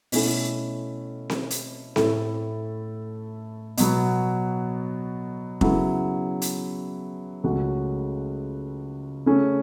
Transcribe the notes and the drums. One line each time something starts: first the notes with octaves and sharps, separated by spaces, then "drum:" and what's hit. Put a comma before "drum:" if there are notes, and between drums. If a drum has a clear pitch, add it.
B2 A3 C#4 E4 A4, drum: open hi-hat
drum: snare C4
drum: hi-hat
A2 A3 E4 A4, drum: snare C4
B2 F#3 B3, drum: hi-hat
C#3 F#3 B3 E4 A4, drum: kick F1
drum: hi-hat
C#2 C#3 A3 C#4 F#4
C#3 A3 C#4